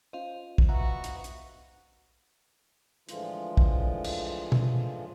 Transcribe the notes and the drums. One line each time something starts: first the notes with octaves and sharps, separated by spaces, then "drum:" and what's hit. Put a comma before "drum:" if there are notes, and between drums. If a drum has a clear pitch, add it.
C#4 F4 C5 D#5 F5
drum: kick
B3 F#4 E5 F#5 A#5
drum: hi-hat
drum: hi-hat
A2 D3 E3 F3 G#3 F4, drum: hi-hat
drum: kick
drum: cymbal
drum: tom